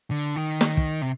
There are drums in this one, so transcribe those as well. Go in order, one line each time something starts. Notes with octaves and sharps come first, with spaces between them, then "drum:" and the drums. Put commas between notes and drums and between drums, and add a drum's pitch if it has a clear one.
D3
D#3
drum: snare
drum: kick
C3